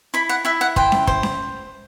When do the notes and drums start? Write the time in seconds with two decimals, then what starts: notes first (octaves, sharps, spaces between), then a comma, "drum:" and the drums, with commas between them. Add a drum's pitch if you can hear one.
0.14 E4 B5
0.29 F#5
0.45 E4 E5
0.61 F#5
0.76 C5 G5, drum: kick
0.92 drum: snare C#4
1.07 C5, drum: kick
1.23 drum: snare C#4